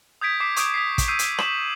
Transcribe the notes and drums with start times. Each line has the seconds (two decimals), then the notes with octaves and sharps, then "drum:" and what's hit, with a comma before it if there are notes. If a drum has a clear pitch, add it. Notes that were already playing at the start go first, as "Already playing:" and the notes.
0.21 D#6 G6 G#6 B6 D7
0.40 D6 B6 C7
0.56 C#6 D#6 G6 D7, drum: hi-hat
0.74 D#6 B6 C7
0.98 drum: kick, hi-hat
1.08 D#6 E6 G6 C7 D#7
1.19 drum: hi-hat
1.38 B6 E7 F#7, drum: rim click